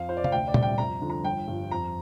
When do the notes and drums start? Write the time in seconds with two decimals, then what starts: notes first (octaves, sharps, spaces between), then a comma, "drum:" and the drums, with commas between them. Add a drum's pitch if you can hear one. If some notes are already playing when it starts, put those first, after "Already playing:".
Already playing: F2 F5
0.09 F3 C5
0.17 D5
0.24 F5, drum: tom C3
0.32 D2 G5
0.48 D5
0.54 C3 G3, drum: tom A#2
0.62 G5
0.78 F2 A#5
1.01 D3 F3
1.10 A#5
1.24 G1 G5
1.47 G2 F3
1.71 F2 A#5